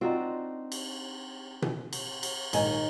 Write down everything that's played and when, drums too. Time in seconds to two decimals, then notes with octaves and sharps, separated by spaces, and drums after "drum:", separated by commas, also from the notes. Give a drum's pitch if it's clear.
0.01 C4 D4 D#4 F4 F#4
0.72 drum: cymbal
1.62 drum: tom B2
1.93 drum: cymbal
2.23 drum: cymbal
2.53 A#1 G#2 D#3 D#4 G#5, drum: cymbal